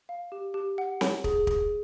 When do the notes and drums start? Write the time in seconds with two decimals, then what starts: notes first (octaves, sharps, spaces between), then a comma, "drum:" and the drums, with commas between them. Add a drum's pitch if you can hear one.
0.09 F5
0.32 G4
0.54 G4
0.78 F#5
1.01 C#5, drum: snare C4
1.24 G#4, drum: kick
1.47 G#4, drum: kick